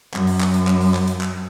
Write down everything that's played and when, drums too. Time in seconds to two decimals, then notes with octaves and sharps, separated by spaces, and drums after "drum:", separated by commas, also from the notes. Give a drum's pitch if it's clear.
0.14 F#2, drum: clap
0.27 drum: open hi-hat
0.41 drum: clap
0.54 drum: hi-hat
0.67 drum: clap
0.81 drum: open hi-hat
0.94 drum: clap
1.08 drum: hi-hat
1.21 drum: clap